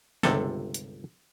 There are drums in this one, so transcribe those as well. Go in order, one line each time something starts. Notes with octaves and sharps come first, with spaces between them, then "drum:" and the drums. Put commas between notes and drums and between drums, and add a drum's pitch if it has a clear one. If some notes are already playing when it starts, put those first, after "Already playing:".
G1 C#2 C3 A4, drum: snare
drum: hi-hat